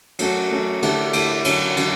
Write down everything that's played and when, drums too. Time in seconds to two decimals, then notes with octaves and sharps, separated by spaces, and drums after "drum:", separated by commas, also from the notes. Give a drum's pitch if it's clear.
0.19 F#3 A3 C#4 F#4, drum: cymbal
0.51 F#3 A3 C#4 F#4
0.82 D3 A3 E4 G4, drum: cymbal
1.13 D3 A3 E4 G4, drum: cymbal
1.44 D3 F#3 C#4, drum: cymbal
1.77 D3 F#3 C#4, drum: cymbal